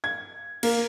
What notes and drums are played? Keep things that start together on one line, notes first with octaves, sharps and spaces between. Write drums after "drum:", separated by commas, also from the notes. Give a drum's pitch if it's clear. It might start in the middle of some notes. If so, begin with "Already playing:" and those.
G#6
A#3, drum: cymbal